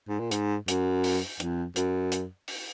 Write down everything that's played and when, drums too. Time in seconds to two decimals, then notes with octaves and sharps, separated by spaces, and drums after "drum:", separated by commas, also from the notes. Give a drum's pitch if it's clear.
0.08 G#2
0.20 A#2
0.31 G#2, drum: hi-hat
0.68 F#2, drum: hi-hat
1.04 drum: open hi-hat
1.40 F2, drum: hi-hat
1.76 F#2, drum: hi-hat
2.12 drum: hi-hat
2.48 drum: open hi-hat